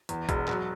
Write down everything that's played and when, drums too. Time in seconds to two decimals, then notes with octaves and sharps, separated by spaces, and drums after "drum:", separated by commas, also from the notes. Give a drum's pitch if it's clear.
0.09 E2, drum: hi-hat
0.29 E1, drum: kick, hi-hat
0.48 F#3, drum: clap